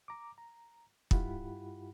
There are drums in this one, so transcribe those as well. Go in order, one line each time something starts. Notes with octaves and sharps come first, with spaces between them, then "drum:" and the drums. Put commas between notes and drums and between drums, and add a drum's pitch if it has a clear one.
A#5 D6
A#5
G2 E4 F4 G4 F#5 B5, drum: kick